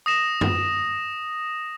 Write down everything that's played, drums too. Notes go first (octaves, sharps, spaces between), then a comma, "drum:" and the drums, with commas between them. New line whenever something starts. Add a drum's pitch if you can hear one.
D#6 A#6 E7
drum: tom F#2